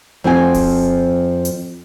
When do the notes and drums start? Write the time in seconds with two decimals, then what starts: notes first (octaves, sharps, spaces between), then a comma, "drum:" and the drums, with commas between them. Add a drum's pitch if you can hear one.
0.24 F2 F3 C4 F#4 G#4 G#5
0.54 drum: kick D1, open hi-hat
1.45 drum: hi-hat